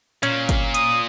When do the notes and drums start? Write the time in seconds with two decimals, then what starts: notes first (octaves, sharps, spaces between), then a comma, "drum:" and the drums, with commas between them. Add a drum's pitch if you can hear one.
0.23 A#2 C#4, drum: hi-hat
0.49 drum: kick, hi-hat
0.74 D#6, drum: hi-hat